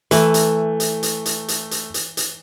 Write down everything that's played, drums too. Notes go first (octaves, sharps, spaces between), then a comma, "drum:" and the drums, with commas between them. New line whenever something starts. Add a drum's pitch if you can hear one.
E3 A3, drum: hi-hat
drum: hi-hat
drum: hi-hat
drum: hi-hat
drum: hi-hat
drum: hi-hat
drum: hi-hat
drum: hi-hat
drum: hi-hat